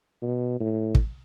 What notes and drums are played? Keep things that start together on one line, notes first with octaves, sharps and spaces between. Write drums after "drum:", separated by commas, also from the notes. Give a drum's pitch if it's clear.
B2
A2
drum: kick